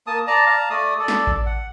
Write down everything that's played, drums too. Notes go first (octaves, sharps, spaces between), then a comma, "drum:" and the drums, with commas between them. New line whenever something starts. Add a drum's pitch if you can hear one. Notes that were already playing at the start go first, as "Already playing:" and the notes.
A#3 A5 D#6
D5 A5 A#5
F5 A5 A#5
A3 D5 D#6
A4 D5
drum: snare
drum: kick A1
F#5